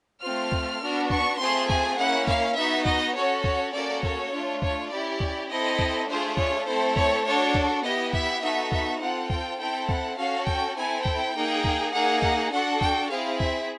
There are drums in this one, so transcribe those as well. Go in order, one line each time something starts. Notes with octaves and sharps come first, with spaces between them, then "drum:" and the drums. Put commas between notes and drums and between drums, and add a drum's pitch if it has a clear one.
A3 C4 F4 F6
drum: kick
B3 D4 F#4
C#6, drum: kick
A3 C4 F4 G#4 C6
G#5, drum: kick
A#3 C#4 E4 F#5
F5, drum: kick
B3 D#4 F#4 E5
D#5, drum: kick
C#4 F#4 A4 C#5
C#5, drum: kick
A#3 C#4 F#4 A4 D5
C#5, drum: kick
A3 D4 F4
C#5, drum: kick
C#4 E4 G4 D5
drum: kick
C4 E4 A4 D#5
drum: kick
A3 D4 F4 G#4 C5
C#5, drum: kick
A3 C4 E4 A4 C5
C#5, drum: kick
D4 F#4 A4 C#5
drum: kick
B3 E4 G4 D#5
E5, drum: kick
B3 D#4 F#4 A4 E5
E5, drum: kick
C4 F4 A4 F#5
G5, drum: kick
C4 E4 A4 G5
F#5, drum: kick
C#4 F#4 A4 F5
G5, drum: kick
C4 E4 A4 G#5
G5, drum: kick
A#3 D#4 G#4
drum: kick
A#3 D#4 G#4 F#5
F#5, drum: kick
D4 F#4 A4 F#5
G5, drum: kick
C4 E4 G#4 F5
E5, drum: kick